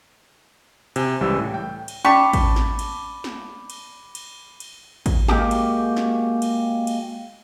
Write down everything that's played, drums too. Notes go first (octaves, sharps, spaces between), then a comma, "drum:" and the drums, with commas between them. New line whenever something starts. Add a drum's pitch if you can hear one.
C3 G#5, drum: cymbal
C#2 E3 G3 E6
A2
G5
drum: cymbal
C#4 D5 A5 B5 C#6 D6 B6
drum: kick, cymbal
drum: snare
drum: cymbal
drum: snare
drum: cymbal
drum: cymbal
drum: cymbal
drum: kick, cymbal
G#3 A#3 F#4 G4, drum: snare
drum: cymbal
drum: snare
drum: cymbal
drum: cymbal